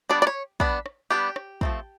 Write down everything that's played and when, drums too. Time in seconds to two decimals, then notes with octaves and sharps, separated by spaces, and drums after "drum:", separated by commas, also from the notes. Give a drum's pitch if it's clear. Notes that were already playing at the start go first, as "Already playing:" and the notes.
0.09 G3 B3 D4 D5
0.22 D5
0.27 C#5
0.60 G3 B3 D4, drum: kick
0.86 drum: rim click
1.10 G3 B3 D4 G4
1.36 drum: rim click
1.61 F3 A3 C4, drum: kick